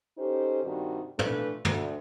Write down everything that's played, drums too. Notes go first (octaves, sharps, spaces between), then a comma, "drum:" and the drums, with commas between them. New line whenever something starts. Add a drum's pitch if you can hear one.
C#4 D#4 G4 A4 C5
G2 C3 D#3 G3 F#4
E3 A3 D4 F4 B4, drum: tom
D2, drum: tom